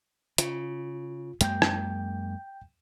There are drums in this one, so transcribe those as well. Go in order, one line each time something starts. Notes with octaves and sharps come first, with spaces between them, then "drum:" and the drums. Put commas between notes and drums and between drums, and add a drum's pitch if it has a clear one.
C#3 F4, drum: hi-hat
F#2 G#3 A#3 G5 G6, drum: hi-hat
drum: rim click